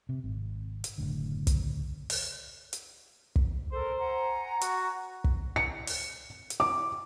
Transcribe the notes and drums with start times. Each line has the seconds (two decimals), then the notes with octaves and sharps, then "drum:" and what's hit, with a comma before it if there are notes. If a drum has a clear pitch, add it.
0.09 C3
0.24 G#1
0.84 drum: hi-hat
0.98 F#1 B1 A2 D3
1.47 drum: kick, hi-hat
2.10 drum: open hi-hat
2.73 drum: hi-hat
3.36 drum: kick
3.72 A4 A#4 C5
3.99 F#5 G#5 A#5
4.61 F#4, drum: hi-hat
5.24 drum: kick
5.56 C#7
5.87 drum: open hi-hat
6.50 drum: hi-hat
6.60 D6